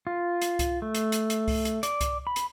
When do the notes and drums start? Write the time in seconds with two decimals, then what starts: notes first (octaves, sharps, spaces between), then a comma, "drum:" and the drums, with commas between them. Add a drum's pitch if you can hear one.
0.07 F4
0.42 drum: hi-hat
0.59 drum: kick C2, hi-hat
0.82 A3
0.95 drum: hi-hat
1.12 drum: hi-hat
1.30 drum: hi-hat
1.48 drum: kick C2, open hi-hat
1.65 drum: hi-hat
1.83 D5, drum: hi-hat
2.01 drum: kick C2, hi-hat
2.27 B5
2.36 drum: hi-hat